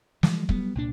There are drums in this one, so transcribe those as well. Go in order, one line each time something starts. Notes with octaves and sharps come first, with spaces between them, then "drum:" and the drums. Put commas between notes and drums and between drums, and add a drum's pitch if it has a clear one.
E3 F3 G3 G#3, drum: snare
F#3 G3 B3, drum: kick
C2 A#2 D4